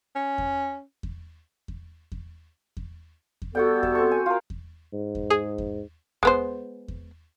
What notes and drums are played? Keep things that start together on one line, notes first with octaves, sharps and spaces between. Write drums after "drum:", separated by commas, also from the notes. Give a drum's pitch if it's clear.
C#4
drum: kick E2
drum: kick E2
drum: kick E2
drum: kick E2
drum: kick E2
drum: kick E2
G3 B3 F#4 A4 F#5 G5
E5, drum: kick E2
C4 C#6
G#5
F4 A#4
drum: kick E2
G#2
drum: kick E2
G#4
drum: kick E2
G#3 B3 C5, drum: kick E2
drum: kick E2